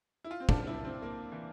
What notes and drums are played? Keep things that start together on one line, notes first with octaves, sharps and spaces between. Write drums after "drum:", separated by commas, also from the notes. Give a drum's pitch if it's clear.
E4
F4
C4
D4, drum: kick
E4
C4
A#3
E3